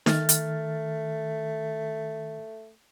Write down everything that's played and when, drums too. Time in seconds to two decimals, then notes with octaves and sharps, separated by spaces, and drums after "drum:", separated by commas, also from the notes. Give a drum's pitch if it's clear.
0.06 D#3 A3 F6 A6, drum: snare D#4
0.29 drum: hi-hat